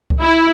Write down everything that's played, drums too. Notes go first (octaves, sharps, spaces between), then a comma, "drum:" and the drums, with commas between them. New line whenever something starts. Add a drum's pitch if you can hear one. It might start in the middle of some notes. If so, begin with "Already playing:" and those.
drum: kick C2
E4